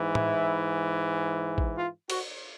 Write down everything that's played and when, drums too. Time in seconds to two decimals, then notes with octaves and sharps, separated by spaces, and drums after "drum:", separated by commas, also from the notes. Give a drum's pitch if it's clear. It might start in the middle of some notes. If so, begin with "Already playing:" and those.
Already playing: G#2 E3
0.15 E4, drum: tom
1.58 drum: kick A1
1.77 F4
2.10 F#4, drum: cymbal